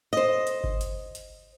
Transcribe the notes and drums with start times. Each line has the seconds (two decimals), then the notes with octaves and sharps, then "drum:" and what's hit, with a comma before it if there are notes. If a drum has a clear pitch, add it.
0.13 C5 D#5
0.47 drum: hi-hat
0.64 drum: kick G1
0.81 drum: hi-hat
1.15 drum: hi-hat